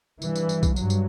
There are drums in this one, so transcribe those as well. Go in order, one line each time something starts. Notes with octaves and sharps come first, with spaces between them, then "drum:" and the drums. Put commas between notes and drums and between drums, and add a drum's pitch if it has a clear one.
G2 E3, drum: tambourine
drum: tambourine
drum: tambourine
drum: kick B1, tambourine
G2 F#3, drum: tambourine
drum: tambourine